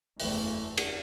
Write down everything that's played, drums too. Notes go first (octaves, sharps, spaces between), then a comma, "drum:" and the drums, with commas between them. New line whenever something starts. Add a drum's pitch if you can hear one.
F#1 E2 C#3 E3 A3, drum: open hi-hat
drum: cymbal